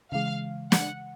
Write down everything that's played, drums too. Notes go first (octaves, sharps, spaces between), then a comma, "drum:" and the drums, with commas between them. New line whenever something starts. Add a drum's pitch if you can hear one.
C#3 E3 G#3 F5
F#5, drum: snare